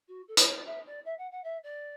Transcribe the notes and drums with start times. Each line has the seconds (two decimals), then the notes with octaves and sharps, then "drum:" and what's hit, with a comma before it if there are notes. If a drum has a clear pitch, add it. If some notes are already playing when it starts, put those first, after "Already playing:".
0.08 F#4
0.28 A4
0.37 B4, drum: hi-hat
0.47 C#5
0.56 D5
0.66 E5
0.86 D5
1.05 E5
1.18 F#5
1.32 F#5
1.44 E5
1.63 D5